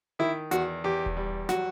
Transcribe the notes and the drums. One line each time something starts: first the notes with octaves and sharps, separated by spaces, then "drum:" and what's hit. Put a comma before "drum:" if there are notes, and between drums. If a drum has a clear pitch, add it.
D#3 E4
E2 F#4, drum: hi-hat
E2 G4
drum: kick D#1
G3
F#3 F#4, drum: snare